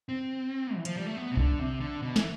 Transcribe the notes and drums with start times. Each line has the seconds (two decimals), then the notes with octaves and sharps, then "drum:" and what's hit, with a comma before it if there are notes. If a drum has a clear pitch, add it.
0.09 C4
0.76 E3
0.85 F3, drum: hi-hat
0.96 G3
1.06 A3
1.16 B3
1.31 C3
1.37 D3, drum: kick B1
1.59 C3
1.80 D3
2.02 B2
2.16 E3, drum: snare